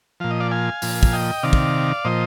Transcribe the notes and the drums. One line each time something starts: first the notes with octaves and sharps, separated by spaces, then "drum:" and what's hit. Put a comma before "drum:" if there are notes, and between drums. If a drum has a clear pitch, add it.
A#2 F3 F5
D#5
D5 F5
F5 G#5
A#2 F3, drum: open hi-hat
drum: kick
D#5 G5
C3 D#3 D5 F5
drum: kick
A#2 F3 C5 D#5